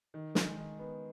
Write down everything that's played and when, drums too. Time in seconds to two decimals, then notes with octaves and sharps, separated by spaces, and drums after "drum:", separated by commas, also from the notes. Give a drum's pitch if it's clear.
0.14 D#3
0.35 G#3, drum: snare
0.57 D#3
0.79 B3